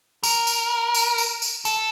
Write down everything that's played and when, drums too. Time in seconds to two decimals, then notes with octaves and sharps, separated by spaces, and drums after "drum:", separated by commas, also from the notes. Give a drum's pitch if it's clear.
0.23 A#4, drum: tambourine
0.47 drum: tambourine
0.94 drum: tambourine
1.18 drum: tambourine
1.42 drum: tambourine
1.65 A4, drum: tambourine